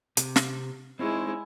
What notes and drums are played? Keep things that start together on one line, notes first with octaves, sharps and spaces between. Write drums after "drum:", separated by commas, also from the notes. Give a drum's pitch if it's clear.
C3, drum: hi-hat
drum: snare
G#3 C4 D#4 E4 C#5